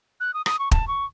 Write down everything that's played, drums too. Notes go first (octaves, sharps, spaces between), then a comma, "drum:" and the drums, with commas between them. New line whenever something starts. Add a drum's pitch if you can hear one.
F#6
D#6
D#6, drum: rim click
C#6
A5, drum: kick
C#6